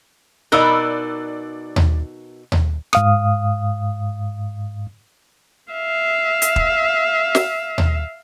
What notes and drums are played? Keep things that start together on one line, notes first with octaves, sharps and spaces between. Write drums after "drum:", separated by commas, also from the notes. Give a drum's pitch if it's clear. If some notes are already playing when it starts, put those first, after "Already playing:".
B2 D#4 A#4 D5 E6 F#6
drum: tom D#2
drum: tom D#2
G#2 F5 D#6, drum: rim click
E5 F5
drum: hi-hat
drum: kick
drum: snare
drum: tom D#2